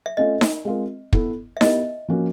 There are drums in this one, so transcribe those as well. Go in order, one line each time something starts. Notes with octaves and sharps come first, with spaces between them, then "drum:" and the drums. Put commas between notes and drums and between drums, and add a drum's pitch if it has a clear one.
E5
A3 C#4 F4 D#5
drum: snare D#4
G#3 C4 F4 A#4
B3 E4 A4, drum: kick
E5
B3 E4 G4 A#4 D#5, drum: snare D#4
F3 A#3 C#4 F#4